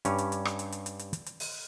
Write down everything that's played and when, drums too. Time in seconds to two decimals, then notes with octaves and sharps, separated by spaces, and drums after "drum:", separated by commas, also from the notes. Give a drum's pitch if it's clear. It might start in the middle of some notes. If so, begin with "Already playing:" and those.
0.05 G2 C#4 G4 C#5, drum: hi-hat
0.18 drum: hi-hat
0.32 drum: hi-hat
0.45 drum: rim click
0.59 drum: hi-hat
0.72 drum: hi-hat
0.86 drum: hi-hat
0.99 drum: hi-hat
1.13 drum: hi-hat
1.26 drum: hi-hat
1.40 drum: open hi-hat